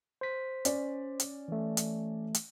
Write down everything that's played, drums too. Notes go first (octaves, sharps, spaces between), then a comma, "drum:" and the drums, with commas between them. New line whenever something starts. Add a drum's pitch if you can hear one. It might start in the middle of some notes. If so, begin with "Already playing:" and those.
C5 B6
C#4 D5, drum: hi-hat
drum: hi-hat
E3 A3
drum: hi-hat
drum: hi-hat